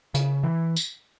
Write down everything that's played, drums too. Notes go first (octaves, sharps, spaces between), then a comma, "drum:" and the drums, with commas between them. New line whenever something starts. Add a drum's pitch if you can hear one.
C#3, drum: hi-hat
E3
drum: tambourine